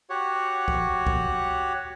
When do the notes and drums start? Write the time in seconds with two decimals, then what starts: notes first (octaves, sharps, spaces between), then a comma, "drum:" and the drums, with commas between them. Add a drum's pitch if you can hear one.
0.10 F#4 G4 C#5 F#5
0.68 drum: kick
1.07 drum: kick